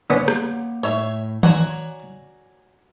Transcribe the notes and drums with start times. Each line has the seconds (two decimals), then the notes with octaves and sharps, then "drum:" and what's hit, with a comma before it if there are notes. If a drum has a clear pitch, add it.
0.10 D3 A#3 B3 C#4 C#5 F#5
0.28 drum: rim click
0.83 A2 C#5 E5
1.43 F#4 C#5 D5 F#5 G#5 A#5, drum: tom D#3